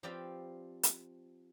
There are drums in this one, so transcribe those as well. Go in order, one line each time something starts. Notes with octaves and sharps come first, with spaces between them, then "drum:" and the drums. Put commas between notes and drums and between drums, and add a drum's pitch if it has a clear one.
F3 C4 G4 B4 D5 F5
drum: hi-hat